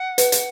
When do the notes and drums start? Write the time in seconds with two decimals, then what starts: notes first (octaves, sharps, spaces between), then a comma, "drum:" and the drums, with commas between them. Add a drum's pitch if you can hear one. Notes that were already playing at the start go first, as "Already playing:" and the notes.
Already playing: F#5
0.18 B4, drum: hi-hat
0.32 drum: hi-hat